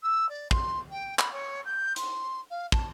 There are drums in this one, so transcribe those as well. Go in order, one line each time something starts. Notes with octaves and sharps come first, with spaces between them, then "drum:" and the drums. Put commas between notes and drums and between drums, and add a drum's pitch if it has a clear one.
E6
D5
C6, drum: kick
G5
B5, drum: clap
C#5
G6
C6, drum: hi-hat
F5
A5, drum: kick